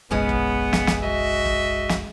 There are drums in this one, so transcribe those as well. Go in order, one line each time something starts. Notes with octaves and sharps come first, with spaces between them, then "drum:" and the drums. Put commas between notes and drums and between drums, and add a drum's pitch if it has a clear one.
F#1 B1 G#3 B3 C#4
drum: kick
drum: snare
drum: snare
F#4 D#5 E5
drum: kick
drum: snare